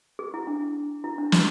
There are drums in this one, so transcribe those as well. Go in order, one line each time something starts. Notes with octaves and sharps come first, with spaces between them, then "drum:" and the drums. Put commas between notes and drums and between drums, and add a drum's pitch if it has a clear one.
G#4
E4
D4
E4
D4
E4, drum: snare